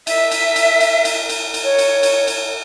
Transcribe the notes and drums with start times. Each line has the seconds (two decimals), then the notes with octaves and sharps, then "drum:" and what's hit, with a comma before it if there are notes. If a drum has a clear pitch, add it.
0.07 E5, drum: cymbal
0.31 drum: cymbal
0.56 drum: cymbal
0.80 drum: cymbal
1.05 drum: cymbal
1.30 drum: cymbal
1.54 drum: cymbal
1.63 C#5
1.79 drum: cymbal
2.03 drum: cymbal
2.28 drum: cymbal